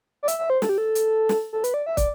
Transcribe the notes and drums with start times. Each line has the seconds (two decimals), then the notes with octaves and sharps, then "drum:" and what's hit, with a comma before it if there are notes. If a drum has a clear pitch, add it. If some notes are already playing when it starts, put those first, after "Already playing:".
0.23 D5
0.28 E5, drum: hi-hat
0.39 E5
0.50 C5
0.62 A4, drum: snare
0.69 G4
0.78 A4
0.95 drum: hi-hat
1.29 drum: snare
1.53 A4
1.64 B4, drum: hi-hat
1.74 D5
1.86 E5
1.97 D5, drum: kick, hi-hat